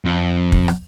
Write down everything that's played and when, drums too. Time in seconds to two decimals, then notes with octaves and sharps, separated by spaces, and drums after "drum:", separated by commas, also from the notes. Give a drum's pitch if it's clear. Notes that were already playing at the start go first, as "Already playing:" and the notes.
0.05 F2
0.52 drum: kick
0.68 drum: rim click